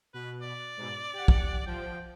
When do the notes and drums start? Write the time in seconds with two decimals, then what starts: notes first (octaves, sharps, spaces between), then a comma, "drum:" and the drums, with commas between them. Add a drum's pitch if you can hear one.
0.14 B2 B4
0.41 D5
0.77 G#2 B2
0.95 D6
1.13 G4 F#5
1.28 drum: kick
1.67 F3 G5